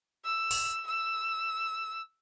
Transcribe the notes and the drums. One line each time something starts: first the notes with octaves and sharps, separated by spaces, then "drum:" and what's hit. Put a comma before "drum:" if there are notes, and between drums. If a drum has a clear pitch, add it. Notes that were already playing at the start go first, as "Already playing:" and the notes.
E6
drum: open hi-hat
E6